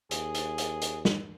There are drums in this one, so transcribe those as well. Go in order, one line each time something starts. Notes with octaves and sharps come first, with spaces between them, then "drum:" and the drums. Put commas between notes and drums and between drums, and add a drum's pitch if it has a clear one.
D#2 G#4, drum: hi-hat
drum: hi-hat
drum: hi-hat
drum: hi-hat
drum: snare